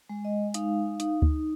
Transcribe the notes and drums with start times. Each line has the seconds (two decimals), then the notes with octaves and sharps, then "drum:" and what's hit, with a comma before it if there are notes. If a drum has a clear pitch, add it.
0.09 G#3
0.25 D#5
0.54 D#4 F5, drum: hi-hat
1.00 D#4, drum: hi-hat
1.22 drum: kick D2